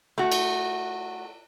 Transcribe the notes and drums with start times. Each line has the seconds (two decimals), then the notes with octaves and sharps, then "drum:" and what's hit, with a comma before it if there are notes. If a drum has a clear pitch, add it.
0.18 A3 F#4
0.32 drum: cymbal